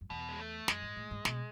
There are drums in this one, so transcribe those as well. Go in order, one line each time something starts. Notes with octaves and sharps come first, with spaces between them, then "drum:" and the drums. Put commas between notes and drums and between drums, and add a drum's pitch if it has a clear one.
F#2
E2 B2
G#3
A3
F#2 G#3, drum: snare
G#2
A2
G#2
B2, drum: snare